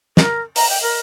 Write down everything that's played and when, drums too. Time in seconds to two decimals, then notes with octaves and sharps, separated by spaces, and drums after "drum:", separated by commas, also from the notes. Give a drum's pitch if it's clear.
0.17 A#4, drum: snare
0.56 A#5, drum: open hi-hat
0.70 G5
0.82 A#4